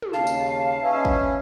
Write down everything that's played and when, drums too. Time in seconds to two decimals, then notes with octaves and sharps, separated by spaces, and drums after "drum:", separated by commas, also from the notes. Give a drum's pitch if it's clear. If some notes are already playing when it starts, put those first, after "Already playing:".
0.02 drum: tom
0.13 D#2 C#3 F5 A5
0.27 drum: tambourine
0.82 C#4 B4 D#5 E5
1.05 drum: kick